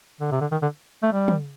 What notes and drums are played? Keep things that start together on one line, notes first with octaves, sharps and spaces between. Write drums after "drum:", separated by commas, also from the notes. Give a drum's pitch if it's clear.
D3
C3
D3
D#3
D3
A3
G3
drum: tom